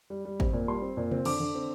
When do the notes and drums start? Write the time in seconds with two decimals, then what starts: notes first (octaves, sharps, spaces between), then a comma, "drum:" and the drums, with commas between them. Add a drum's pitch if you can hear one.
0.10 G3
0.25 G3
0.40 C4, drum: kick G#1
0.53 A#2
0.68 G3 C6
0.82 C4
0.97 A#2
1.11 C4, drum: tom C3
1.25 D3 D6, drum: cymbal
1.40 D3
1.55 C4